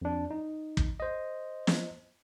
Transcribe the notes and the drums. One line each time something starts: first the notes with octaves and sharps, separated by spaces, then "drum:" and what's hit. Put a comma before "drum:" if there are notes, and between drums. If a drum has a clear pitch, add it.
F2 D4
D#4
drum: kick
C5 D#5
drum: snare